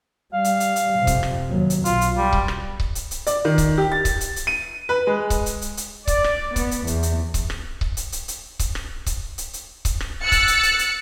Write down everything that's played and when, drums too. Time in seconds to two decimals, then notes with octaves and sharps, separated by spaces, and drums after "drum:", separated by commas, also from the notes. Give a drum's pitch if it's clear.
0.34 G3 F5
0.44 drum: hi-hat
0.60 drum: hi-hat
0.76 drum: hi-hat
0.98 F2 C3
1.07 drum: kick C#1, hi-hat
1.23 drum: rim click
1.50 D#2 F#3
1.70 drum: hi-hat
1.85 B1 F4, drum: hi-hat
2.01 drum: hi-hat
2.18 G3
2.33 drum: kick C#1
2.48 drum: rim click
2.80 drum: kick C#1
2.95 drum: hi-hat
3.11 drum: hi-hat
3.27 D5, drum: hi-hat
3.45 D#3
3.58 drum: kick C#1, hi-hat
3.78 G4
3.92 A6
4.05 drum: kick C#1, hi-hat
4.21 drum: hi-hat
4.36 drum: hi-hat
4.47 D#7
4.89 B4
5.07 G#3
5.30 drum: kick C#1, hi-hat
5.46 drum: hi-hat
5.62 drum: hi-hat
5.77 drum: hi-hat
6.07 D5, drum: kick C#1, hi-hat
6.24 drum: rim click
6.56 B3, drum: kick C#1, hi-hat
6.71 drum: hi-hat
6.87 E2, drum: hi-hat
7.03 drum: hi-hat
7.34 drum: kick C#1, hi-hat
7.50 drum: rim click
7.81 drum: kick C#1
7.97 drum: hi-hat
8.12 drum: hi-hat
8.28 drum: hi-hat
8.59 drum: kick C#1, hi-hat
8.75 drum: rim click
9.06 drum: kick C#1, hi-hat
9.38 drum: hi-hat
9.53 drum: hi-hat
9.85 drum: kick C#1, hi-hat
10.00 drum: rim click
10.23 E6 F#6 A6 C#7
10.32 drum: kick C#1, hi-hat
10.48 drum: hi-hat
10.63 drum: hi-hat
10.79 drum: hi-hat